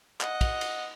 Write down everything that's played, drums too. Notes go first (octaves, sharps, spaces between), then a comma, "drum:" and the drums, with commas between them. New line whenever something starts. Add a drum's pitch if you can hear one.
D#5 F#5, drum: clap
drum: kick, cymbal
drum: cymbal